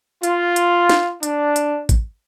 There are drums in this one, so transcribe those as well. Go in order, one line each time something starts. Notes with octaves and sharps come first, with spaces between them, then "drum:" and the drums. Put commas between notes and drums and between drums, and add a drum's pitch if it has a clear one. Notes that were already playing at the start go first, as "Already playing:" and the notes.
F4, drum: hi-hat
drum: hi-hat
drum: snare
D4, drum: hi-hat
drum: hi-hat
drum: kick, hi-hat